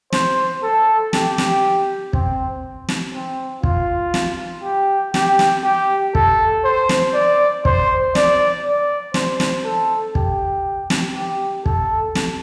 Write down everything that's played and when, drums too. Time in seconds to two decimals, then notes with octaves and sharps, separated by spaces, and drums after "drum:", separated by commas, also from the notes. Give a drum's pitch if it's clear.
0.12 C5, drum: snare
0.63 A4
1.13 G4, drum: snare
1.38 drum: snare
2.13 C4, drum: kick
2.88 drum: snare
3.14 C4
3.63 F4, drum: kick
4.14 drum: snare
4.64 G4
5.14 G4, drum: snare
5.39 drum: snare
5.64 G4
6.15 A4, drum: kick
6.64 C5
6.89 drum: snare
7.14 D5
7.65 C5, drum: kick
8.15 D5, drum: snare
8.65 D5
9.14 C5, drum: snare
9.40 drum: snare
9.65 A4
10.15 G4, drum: kick
10.90 drum: snare
11.15 G4
11.66 A4, drum: kick
12.15 drum: snare